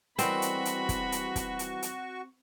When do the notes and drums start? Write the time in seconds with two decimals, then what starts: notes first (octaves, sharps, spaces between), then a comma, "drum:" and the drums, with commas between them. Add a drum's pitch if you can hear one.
0.19 D#3 E3 G3 C4 F#4 B5 C#6, drum: hi-hat
0.42 drum: hi-hat
0.65 drum: hi-hat
0.89 drum: kick, hi-hat
1.12 drum: hi-hat
1.36 drum: kick, hi-hat
1.59 drum: hi-hat
1.82 drum: hi-hat